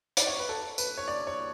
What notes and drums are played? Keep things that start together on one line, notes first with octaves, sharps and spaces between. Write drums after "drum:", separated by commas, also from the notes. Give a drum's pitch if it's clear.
D5, drum: hi-hat
C#5
B4
A4
B4, drum: tambourine
C#5
D5
C#5